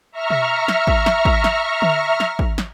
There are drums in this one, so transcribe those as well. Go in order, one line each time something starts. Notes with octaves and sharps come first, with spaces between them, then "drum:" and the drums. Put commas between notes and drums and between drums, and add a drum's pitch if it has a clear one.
E5 A#5 C#6 F6
drum: tom B2
drum: snare
drum: kick
drum: snare
drum: kick
drum: snare
drum: tom D3
drum: snare
drum: kick
drum: snare